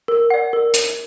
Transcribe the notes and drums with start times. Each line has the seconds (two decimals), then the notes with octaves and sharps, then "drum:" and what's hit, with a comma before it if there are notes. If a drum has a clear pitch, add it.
0.08 A#4
0.30 D5 F#5
0.53 A#4
0.74 drum: hi-hat